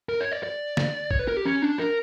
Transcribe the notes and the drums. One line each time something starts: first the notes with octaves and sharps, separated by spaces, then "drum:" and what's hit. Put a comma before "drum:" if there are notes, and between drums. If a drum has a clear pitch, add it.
A#4
C#5
D5
D5
drum: snare
C#5, drum: kick
B4
A#4
G4
C#4
D4
A#4